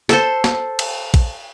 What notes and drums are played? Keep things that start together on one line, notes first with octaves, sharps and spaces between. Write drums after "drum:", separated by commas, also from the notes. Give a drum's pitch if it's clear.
A4 C5, drum: snare
drum: snare
drum: cymbal
drum: kick A#1, cymbal